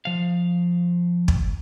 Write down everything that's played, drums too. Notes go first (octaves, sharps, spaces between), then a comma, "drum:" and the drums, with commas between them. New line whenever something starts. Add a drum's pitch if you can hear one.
F3 F5
drum: kick